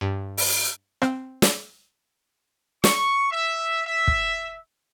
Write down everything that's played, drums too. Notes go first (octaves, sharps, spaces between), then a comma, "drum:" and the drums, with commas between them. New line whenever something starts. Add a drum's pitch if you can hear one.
G2
drum: open hi-hat
C4, drum: rim click
drum: snare
C#6, drum: snare
E5
E5
drum: kick